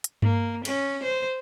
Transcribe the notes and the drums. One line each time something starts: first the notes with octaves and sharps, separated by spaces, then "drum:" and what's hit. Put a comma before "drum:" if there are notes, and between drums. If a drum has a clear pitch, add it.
drum: hi-hat
A#3, drum: tom G2
C#4, drum: cymbal
C5